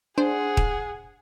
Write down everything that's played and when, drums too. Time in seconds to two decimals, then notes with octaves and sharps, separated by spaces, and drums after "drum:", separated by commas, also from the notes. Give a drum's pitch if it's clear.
0.18 D4 G#4 C5 F#5
0.57 drum: kick D#1